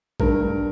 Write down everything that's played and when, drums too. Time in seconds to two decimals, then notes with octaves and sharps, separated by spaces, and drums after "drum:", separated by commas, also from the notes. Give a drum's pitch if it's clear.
0.20 G2 A#4, drum: kick
0.40 G2